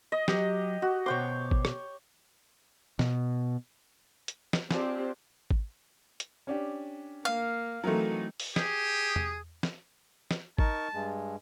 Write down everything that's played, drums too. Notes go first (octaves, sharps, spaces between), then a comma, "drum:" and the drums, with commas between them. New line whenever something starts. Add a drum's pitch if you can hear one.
D#5
F#3 G4, drum: snare
F#4
B2 C5 C#5 G5 D6
drum: kick G#1
drum: rim click
B2, drum: snare
drum: hi-hat
drum: snare
C4 D4 F4 G4 G#4, drum: snare
drum: kick G#1
drum: hi-hat
C#4 D4 G4
A#3 F5
E3 F#3 A3 C4 D#4 A#4
drum: open hi-hat
G4 G#4, drum: snare
drum: tom E2
drum: snare
drum: snare
D#4 A#4 A5 C#6, drum: kick G#1
G2 G#3